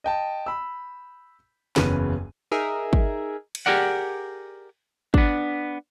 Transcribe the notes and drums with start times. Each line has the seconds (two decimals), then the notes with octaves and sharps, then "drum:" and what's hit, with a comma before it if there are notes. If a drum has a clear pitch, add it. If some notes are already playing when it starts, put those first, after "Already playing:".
0.04 D#5 G5 A5
0.46 B5 E6
1.76 F#1 E2 C#3 B4 D#7, drum: snare
2.51 D#4 G#4 A#4 E5
2.93 drum: kick
3.55 drum: cymbal
3.66 G4 G#4 A#4 D5 F#5
5.14 B3 D4, drum: kick